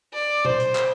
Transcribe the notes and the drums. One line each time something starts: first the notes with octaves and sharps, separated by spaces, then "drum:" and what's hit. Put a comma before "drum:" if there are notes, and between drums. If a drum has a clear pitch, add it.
D5
C5, drum: tom A#2
drum: hi-hat
drum: clap